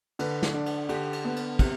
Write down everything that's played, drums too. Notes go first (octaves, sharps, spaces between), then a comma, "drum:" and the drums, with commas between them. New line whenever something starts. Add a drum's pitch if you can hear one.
D3 B4, drum: cymbal
drum: snare
D4
drum: cymbal
D3 G4, drum: cymbal
drum: cymbal
B3
drum: cymbal
C3, drum: kick, cymbal